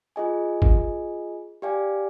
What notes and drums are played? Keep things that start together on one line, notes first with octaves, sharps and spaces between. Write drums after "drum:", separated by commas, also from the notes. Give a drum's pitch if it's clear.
F4 G#4 D#5 G#5
drum: kick
G4 D5 F5 G#5